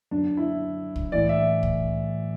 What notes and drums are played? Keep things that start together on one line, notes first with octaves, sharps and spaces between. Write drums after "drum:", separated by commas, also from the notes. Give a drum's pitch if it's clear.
F#2 D3 D4
E4
drum: kick
A2 E3 D5
E5
drum: kick